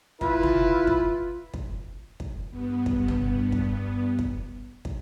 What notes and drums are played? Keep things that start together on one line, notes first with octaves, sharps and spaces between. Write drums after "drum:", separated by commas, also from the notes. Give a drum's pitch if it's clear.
E4 F4 B4, drum: kick
drum: tom
drum: kick
drum: kick
drum: kick
G2 B3
drum: kick
drum: tom
drum: kick
drum: kick
drum: kick